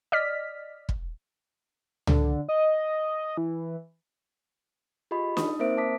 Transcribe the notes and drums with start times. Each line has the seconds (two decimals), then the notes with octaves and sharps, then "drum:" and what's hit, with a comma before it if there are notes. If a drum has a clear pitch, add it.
0.12 D5 D#5 F6 B6
0.89 drum: kick
2.07 D3, drum: tom C#2
2.49 D#5
3.37 E3
5.11 F4 G4 G#4 D#5 B5
5.37 D#4 D#6, drum: snare
5.59 A#3 C4 A#4 C5 E5 D7
5.77 A5 D6 D#6 B6